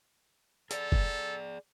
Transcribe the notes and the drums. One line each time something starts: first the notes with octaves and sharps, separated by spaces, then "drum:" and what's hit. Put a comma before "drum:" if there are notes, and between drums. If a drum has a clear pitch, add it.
G#4 A4 D5, drum: hi-hat
drum: kick